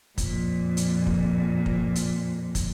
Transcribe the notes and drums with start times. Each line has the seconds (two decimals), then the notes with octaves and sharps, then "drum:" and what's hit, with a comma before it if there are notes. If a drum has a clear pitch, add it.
0.18 F2 A#2, drum: kick, hi-hat
0.77 drum: hi-hat
1.07 drum: kick
1.66 drum: kick
1.96 drum: hi-hat
2.55 drum: kick, hi-hat